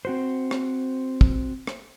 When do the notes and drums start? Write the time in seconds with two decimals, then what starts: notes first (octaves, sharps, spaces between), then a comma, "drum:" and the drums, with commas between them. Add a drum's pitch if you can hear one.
0.05 C4 F#4 C5
0.51 drum: rim click
1.21 drum: kick
1.67 drum: rim click